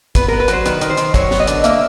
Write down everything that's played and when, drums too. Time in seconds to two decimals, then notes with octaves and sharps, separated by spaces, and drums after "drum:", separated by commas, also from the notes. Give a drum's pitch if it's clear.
0.15 B3 B4, drum: kick, hi-hat
0.28 B3 A#4
0.40 B4
0.48 F#3 C5, drum: hi-hat
0.66 D#3 B4, drum: hi-hat
0.81 D#3, drum: hi-hat
0.90 C5
0.97 D#3, drum: hi-hat
1.14 F#3 C#5, drum: kick, hi-hat
1.31 B3, drum: snare
1.40 D#5
1.47 D3, drum: hi-hat
1.64 A#3 E5, drum: hi-hat